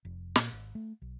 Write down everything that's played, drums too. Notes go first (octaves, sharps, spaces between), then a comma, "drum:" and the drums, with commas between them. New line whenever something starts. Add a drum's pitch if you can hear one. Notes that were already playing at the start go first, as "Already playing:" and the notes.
F1
A#2, drum: snare
G#1
A3
B1